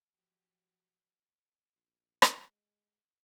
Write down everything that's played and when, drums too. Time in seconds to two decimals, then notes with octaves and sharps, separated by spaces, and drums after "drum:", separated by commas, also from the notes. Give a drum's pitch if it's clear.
0.10 F3 F#3 G4
1.75 A#1
2.22 drum: rim click
2.36 G#3